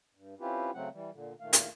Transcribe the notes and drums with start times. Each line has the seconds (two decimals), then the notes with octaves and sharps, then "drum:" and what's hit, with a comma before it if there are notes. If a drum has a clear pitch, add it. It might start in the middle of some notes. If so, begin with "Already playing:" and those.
0.15 G2
0.40 C4 C#4 E4 F4 G4 B4
0.74 C#3 F#3 A3 C4 F#5
0.93 E3 G3
1.13 A#2 D3
1.40 E2 A#2 D#3 A3 F5
1.53 drum: hi-hat